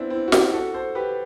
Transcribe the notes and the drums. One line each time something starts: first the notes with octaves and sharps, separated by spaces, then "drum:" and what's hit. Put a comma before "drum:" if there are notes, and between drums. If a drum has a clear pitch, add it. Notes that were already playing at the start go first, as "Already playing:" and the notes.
Already playing: B3 C4 D4 E4
C4 E4
F#4
E4 G4, drum: snare
F#4 A4
A4 C5
G4 B4